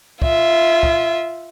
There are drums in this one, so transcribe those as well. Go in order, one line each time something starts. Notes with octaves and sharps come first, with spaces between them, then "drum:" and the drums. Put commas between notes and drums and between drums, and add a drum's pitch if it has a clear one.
F4 E5, drum: kick
drum: kick